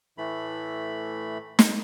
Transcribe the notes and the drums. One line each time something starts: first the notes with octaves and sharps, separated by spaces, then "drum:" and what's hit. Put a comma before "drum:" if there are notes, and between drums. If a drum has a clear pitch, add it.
A2 E3 A3 B5
drum: snare